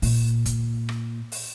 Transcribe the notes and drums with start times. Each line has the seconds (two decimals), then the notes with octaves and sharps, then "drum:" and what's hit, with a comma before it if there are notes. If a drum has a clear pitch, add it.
0.02 A#2, drum: open hi-hat
0.46 drum: kick, hi-hat
0.89 drum: rim click
1.32 drum: open hi-hat